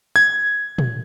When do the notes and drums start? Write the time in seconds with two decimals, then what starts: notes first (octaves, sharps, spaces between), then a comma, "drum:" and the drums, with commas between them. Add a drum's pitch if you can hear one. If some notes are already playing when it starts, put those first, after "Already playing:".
0.16 G#6
0.78 drum: tom